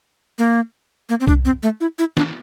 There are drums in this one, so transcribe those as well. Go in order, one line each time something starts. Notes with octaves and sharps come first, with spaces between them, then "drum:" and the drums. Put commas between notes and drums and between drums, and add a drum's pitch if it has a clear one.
A#3
A#3
C4
D4, drum: kick C2
C4
A3
E4
E4
D4, drum: snare